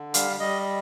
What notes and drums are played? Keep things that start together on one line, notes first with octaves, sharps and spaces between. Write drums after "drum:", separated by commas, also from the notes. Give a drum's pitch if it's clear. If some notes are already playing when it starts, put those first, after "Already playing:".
Already playing: D3
G3 F5, drum: hi-hat
G3 D#5